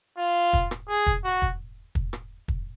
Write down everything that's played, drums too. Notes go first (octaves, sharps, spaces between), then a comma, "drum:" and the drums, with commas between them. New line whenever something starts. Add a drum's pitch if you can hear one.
F4
drum: kick
drum: rim click
G#4
drum: kick
F#4
drum: kick
drum: kick
drum: rim click
drum: kick